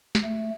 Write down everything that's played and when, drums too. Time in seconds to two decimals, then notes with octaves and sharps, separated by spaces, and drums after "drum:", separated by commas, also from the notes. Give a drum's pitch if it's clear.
0.15 drum: snare
0.24 A3